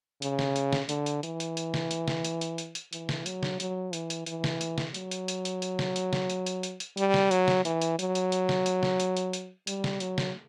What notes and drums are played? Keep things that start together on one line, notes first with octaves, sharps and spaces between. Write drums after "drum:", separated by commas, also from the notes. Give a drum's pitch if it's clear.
C#3, drum: hi-hat
drum: snare
drum: hi-hat
drum: snare
D3, drum: hi-hat
drum: hi-hat
E3, drum: hi-hat
drum: hi-hat
drum: hi-hat
drum: snare
drum: hi-hat
drum: snare
drum: hi-hat
drum: hi-hat
drum: hi-hat
drum: hi-hat
E3, drum: hi-hat
drum: snare
F#3, drum: hi-hat
drum: snare
F#3, drum: hi-hat
E3, drum: hi-hat
drum: hi-hat
E3, drum: hi-hat
drum: snare
drum: hi-hat
drum: snare
F#3, drum: hi-hat
drum: hi-hat
drum: hi-hat
drum: hi-hat
drum: hi-hat
drum: snare
drum: hi-hat
drum: snare
drum: hi-hat
drum: hi-hat
drum: hi-hat
drum: hi-hat
G3, drum: hi-hat
drum: snare
F#3, drum: hi-hat
drum: snare
E3, drum: hi-hat
drum: hi-hat
F#3, drum: hi-hat
drum: hi-hat
drum: hi-hat
drum: snare
drum: hi-hat
drum: snare
drum: hi-hat
drum: hi-hat
drum: hi-hat
G3, drum: hi-hat
drum: snare
F#3, drum: hi-hat
drum: snare